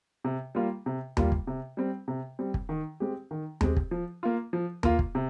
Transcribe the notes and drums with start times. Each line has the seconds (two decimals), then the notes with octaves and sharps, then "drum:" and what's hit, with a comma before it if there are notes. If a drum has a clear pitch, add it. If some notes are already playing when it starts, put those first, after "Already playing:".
0.24 C3
0.55 G3 A#3 F4
0.86 C3
1.17 G3 A#3 F4, drum: tom D#2
1.32 drum: kick
1.47 C3
1.77 G3 C4
2.08 C3
2.39 G3 C4
2.54 drum: kick
2.69 D#3
3.00 G#3 C4 G4
3.31 D#3
3.61 G#3 C4 G4, drum: tom D#2
3.77 drum: kick
3.91 F3
4.23 A#3 F4
4.53 F3
4.83 A#3 F4, drum: tom D#2
4.99 drum: kick
5.15 C3